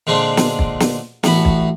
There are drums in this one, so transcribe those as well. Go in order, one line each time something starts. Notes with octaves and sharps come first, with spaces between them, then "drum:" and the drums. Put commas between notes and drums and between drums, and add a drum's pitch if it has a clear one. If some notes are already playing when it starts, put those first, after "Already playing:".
A#2 D3 G#3 C4 D4
drum: snare
drum: kick
drum: snare
A1 A2 F#4 B5, drum: snare
drum: kick